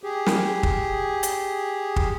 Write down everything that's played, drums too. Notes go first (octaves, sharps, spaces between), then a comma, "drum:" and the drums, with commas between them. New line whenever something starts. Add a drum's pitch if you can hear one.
G4 G#4
drum: snare
drum: kick
drum: hi-hat
drum: kick